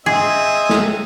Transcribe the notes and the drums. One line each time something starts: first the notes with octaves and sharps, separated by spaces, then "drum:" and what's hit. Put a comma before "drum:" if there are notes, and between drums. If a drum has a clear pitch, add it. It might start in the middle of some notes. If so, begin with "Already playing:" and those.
C4 G#4 D#5 E5 G#5
drum: snare